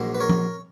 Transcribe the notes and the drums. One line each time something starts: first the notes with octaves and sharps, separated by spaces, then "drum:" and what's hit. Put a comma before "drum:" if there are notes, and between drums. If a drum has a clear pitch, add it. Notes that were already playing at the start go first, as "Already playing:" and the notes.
Already playing: A#1 G#2 F#3 A#3
B4
A#4 C#5
drum: tom F3